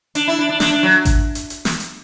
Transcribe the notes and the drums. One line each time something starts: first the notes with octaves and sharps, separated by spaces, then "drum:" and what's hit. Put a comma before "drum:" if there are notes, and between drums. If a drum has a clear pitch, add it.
D4, drum: hi-hat
E4
D4
D4
D4, drum: snare
D4
F#3
drum: kick G#1, hi-hat
drum: hi-hat
drum: hi-hat
drum: snare
drum: hi-hat